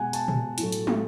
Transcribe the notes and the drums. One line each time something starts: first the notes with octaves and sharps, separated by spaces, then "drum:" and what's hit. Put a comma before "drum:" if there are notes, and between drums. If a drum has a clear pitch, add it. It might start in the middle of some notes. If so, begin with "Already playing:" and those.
Already playing: B2 G#3 B3 F#5 G#5
A5, drum: hi-hat
drum: tom A#2
A2 F#3 A3, drum: hi-hat
drum: hi-hat
drum: tom